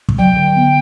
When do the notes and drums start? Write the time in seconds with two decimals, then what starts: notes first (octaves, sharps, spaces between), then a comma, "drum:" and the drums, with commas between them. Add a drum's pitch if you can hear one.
0.09 drum: kick
0.18 F#3 G5
0.37 D3
0.56 B3